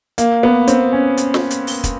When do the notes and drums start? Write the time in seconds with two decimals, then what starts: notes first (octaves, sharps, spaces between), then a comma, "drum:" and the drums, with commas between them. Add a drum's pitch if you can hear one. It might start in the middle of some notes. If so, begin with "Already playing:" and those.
0.18 A#3, drum: hi-hat
0.43 B3
0.68 C4, drum: hi-hat
0.93 C#4
1.17 drum: hi-hat
1.34 drum: snare
1.51 drum: hi-hat
1.67 drum: open hi-hat
1.84 drum: kick, hi-hat